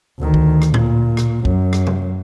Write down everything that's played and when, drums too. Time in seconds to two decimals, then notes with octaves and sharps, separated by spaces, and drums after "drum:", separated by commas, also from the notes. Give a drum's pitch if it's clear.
0.19 D2 D#3
0.34 drum: kick
0.62 drum: rim click
0.74 A#2, drum: tom A2
1.17 drum: rim click
1.45 F#2, drum: kick
1.73 drum: rim click
1.87 drum: tom C3